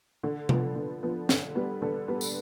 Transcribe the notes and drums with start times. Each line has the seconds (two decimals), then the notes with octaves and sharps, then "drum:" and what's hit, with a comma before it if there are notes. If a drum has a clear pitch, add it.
0.23 D3
0.49 F3 B3, drum: tom C3
0.75 D3
1.03 F3 B3
1.29 D3, drum: snare
1.55 G3 B3
1.82 D3 A4
2.08 G3 B3
2.21 drum: tambourine